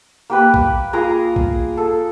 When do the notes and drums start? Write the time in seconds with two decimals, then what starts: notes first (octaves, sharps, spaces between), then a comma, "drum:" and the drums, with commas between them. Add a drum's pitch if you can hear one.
0.30 A#3 G4 B4
0.54 drum: kick A#1
0.93 F4 G#4 A#4 A#5
1.36 drum: kick A#1
1.77 A4